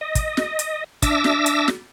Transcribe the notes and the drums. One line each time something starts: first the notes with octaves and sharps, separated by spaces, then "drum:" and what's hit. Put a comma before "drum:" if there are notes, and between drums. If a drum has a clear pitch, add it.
D#5
drum: kick, hi-hat
drum: snare
drum: hi-hat
D4 E5 D6 E6 A#6, drum: kick, hi-hat
drum: snare
drum: hi-hat
drum: snare